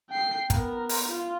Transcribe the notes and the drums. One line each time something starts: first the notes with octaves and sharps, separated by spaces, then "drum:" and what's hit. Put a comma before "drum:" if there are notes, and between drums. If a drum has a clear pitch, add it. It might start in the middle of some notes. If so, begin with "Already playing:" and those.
G5 C7
B3 A#4, drum: kick, hi-hat
drum: open hi-hat
F4